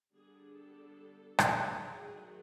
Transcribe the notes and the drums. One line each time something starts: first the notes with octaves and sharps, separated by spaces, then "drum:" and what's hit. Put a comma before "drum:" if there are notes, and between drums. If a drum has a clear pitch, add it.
D3 G3 B3 D4 G#4
A4
drum: rim click
D#3 F#3 A3 G#4